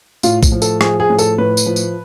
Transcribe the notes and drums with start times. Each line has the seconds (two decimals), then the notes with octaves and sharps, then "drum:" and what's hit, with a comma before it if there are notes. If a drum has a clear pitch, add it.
0.23 A2 F4, drum: tambourine
0.43 drum: kick, tambourine
0.52 F3
0.62 A4, drum: tambourine
0.81 F3 G#4, drum: rim click
1.00 G#4
1.10 A2
1.19 A4, drum: tambourine
1.38 A2 B4
1.57 drum: tambourine
1.66 F3
1.76 drum: tambourine